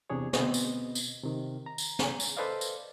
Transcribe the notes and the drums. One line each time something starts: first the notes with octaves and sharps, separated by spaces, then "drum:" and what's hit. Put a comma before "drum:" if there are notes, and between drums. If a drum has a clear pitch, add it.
E2 C3 D4 G#4 C#5
D2 B2 B3 C4 D#5, drum: snare
drum: tambourine
drum: tambourine
C3 D#3
A#5
drum: tambourine
drum: snare
drum: tambourine
A4 B4 C5 D5 D#5 F5
drum: tambourine